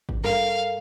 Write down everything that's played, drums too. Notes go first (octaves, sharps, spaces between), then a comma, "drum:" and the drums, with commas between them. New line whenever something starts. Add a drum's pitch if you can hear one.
drum: kick G#1
G2 A4 A#4 F5